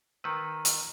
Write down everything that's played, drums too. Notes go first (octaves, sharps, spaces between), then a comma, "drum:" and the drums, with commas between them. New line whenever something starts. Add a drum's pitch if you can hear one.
D#3 B4 A#5 E6
drum: hi-hat